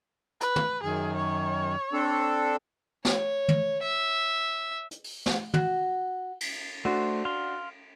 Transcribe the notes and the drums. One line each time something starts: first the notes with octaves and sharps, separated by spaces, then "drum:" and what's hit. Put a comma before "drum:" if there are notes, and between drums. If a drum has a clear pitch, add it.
B4, drum: hi-hat
drum: tom
F#2 D#3 G#4
C#5
C4 D4 A4
C#5, drum: snare
drum: tom
E5
drum: hi-hat
drum: open hi-hat
drum: snare
F#4, drum: tom
drum: cymbal
A3 D4 F#4 C5
F5 C6